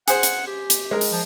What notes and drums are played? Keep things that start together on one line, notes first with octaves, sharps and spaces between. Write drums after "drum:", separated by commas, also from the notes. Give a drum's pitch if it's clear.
G#4 C5 F#5, drum: hi-hat
drum: hi-hat
G4
drum: hi-hat
G#3 A#4
drum: open hi-hat
F3